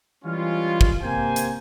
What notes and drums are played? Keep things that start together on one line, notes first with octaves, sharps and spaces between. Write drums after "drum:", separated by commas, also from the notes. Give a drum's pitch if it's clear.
E3 G3 G#3 C#4 F4
drum: kick
C3 A#3 C5 G5 G#5
drum: hi-hat